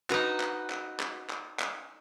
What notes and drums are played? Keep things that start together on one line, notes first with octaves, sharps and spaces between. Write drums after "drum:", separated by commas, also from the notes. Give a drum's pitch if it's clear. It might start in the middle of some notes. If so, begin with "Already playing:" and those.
D#4 F#4 B4 A#5, drum: clap
drum: clap
drum: clap
drum: clap
drum: clap
drum: clap